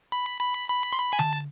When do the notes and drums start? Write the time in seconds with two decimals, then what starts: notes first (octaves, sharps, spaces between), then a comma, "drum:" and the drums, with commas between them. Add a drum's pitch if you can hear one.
0.12 B5
0.40 B5
0.69 B5
0.93 C6
0.98 B5
1.13 G#5
1.19 A5, drum: tom D3